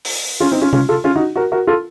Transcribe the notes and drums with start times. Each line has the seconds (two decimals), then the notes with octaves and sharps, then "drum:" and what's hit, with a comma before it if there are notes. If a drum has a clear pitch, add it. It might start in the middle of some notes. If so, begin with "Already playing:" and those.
0.05 drum: open hi-hat
0.40 C#4 F4
0.52 C4 D#4
0.62 C#4 F4
0.73 C#4 F4, drum: tom C3
0.89 F4 A4
1.04 C#4 F4
1.15 D#4 F#4
1.36 F#4 A#4
1.52 F#4 A#4
1.67 F4 A4